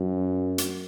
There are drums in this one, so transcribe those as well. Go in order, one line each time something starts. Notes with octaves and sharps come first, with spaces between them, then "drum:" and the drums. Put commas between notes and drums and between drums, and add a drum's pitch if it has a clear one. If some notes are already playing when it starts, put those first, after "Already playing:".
Already playing: F#2
drum: hi-hat